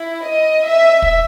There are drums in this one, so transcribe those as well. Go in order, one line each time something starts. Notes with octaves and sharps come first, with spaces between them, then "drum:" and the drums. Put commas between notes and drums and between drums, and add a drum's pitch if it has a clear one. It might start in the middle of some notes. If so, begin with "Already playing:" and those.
Already playing: E4
D#5
E5
drum: kick